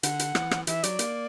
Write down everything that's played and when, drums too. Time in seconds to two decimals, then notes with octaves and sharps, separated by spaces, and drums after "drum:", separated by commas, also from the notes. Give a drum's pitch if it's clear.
0.03 D3 F#5, drum: hi-hat
0.19 drum: hi-hat
0.35 E3, drum: rim click
0.51 drum: rim click
0.67 E3 E5, drum: hi-hat
0.83 F#3 D5, drum: hi-hat
0.99 A#3, drum: hi-hat